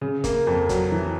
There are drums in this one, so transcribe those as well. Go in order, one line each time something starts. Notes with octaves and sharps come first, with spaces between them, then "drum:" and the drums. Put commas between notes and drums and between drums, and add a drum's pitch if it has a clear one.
C#3
A#3, drum: kick, hi-hat
F2
F#3, drum: kick, hi-hat
E3